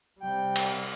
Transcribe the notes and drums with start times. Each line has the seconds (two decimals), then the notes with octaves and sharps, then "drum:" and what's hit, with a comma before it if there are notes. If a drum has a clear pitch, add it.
0.20 C3 G3 G5
0.56 drum: cymbal